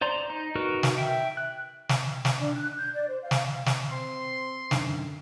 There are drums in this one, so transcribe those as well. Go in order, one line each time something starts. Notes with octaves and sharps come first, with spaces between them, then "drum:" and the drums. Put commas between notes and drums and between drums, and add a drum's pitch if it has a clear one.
C5 D5 A#5 C6
D#4
D#4 F#4 A#4 B4 D#5
drum: snare
E5 G5
F#6
drum: snare
drum: snare
D4
F#6
G6
D5
C5
F5
drum: snare
drum: snare
C4 C6
F#2 D3 D#3, drum: snare